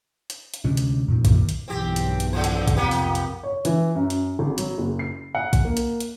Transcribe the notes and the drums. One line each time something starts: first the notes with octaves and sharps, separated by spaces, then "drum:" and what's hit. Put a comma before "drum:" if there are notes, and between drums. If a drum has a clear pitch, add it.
drum: hi-hat
drum: hi-hat
D2 C3 G#3 C#4
drum: hi-hat
F2 A#2 D#3
F#2 A#2 D#3, drum: kick A#1, hi-hat
drum: hi-hat
B1 E2 G2 C4 G4
drum: hi-hat
drum: hi-hat
C#3 F3 C5
drum: hi-hat
drum: kick A#1, hi-hat
F2 C3 A#3 B3 G4
drum: open hi-hat
drum: hi-hat
C#5
E3, drum: hi-hat
F#2
drum: hi-hat
G#1
F#3, drum: hi-hat
F#1
C7
F#5
drum: kick A#1, hi-hat
A#3
drum: hi-hat
drum: hi-hat